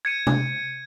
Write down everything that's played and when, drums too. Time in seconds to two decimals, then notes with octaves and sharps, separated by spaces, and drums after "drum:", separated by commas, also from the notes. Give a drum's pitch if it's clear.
0.05 G#6 C#7 D#7
0.27 drum: tom C3